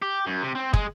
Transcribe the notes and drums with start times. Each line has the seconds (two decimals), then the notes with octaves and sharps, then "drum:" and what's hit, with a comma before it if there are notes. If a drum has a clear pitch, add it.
0.02 G4
0.27 F#2
0.43 C3
0.55 C4
0.74 G#3, drum: kick